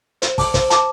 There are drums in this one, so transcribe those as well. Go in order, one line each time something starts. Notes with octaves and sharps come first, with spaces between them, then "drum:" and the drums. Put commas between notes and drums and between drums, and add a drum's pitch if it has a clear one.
C5, drum: hi-hat
A5 D6, drum: kick, open hi-hat
C5, drum: kick, hi-hat
A5 D6, drum: hi-hat